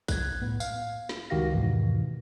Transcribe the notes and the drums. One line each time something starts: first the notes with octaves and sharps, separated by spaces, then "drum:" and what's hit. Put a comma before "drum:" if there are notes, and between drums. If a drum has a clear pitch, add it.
F#6 G#6, drum: kick A#1, tambourine
A2 B3
F5, drum: tambourine
drum: snare
C#2 D#3 F#4 G4 F5 A#6
E2 G#2 B2 D#3 E3